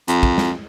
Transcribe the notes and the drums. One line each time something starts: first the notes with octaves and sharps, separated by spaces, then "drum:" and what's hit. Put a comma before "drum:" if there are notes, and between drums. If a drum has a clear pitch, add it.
F2, drum: hi-hat
drum: kick
drum: snare